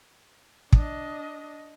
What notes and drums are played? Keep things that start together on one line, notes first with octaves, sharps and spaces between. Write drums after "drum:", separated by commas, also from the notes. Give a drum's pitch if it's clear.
D4 D#5, drum: kick